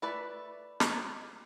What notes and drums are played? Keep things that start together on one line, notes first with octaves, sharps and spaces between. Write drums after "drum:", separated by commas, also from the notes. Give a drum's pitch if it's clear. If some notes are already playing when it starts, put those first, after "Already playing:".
A3 E4 B4 D5
drum: snare